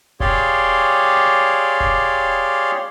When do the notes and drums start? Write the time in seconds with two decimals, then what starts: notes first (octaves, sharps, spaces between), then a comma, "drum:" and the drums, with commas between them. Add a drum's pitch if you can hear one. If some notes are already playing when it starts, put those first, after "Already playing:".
0.20 G4 G#4 C#5 D5 F5 C6, drum: kick E1
1.80 drum: kick E1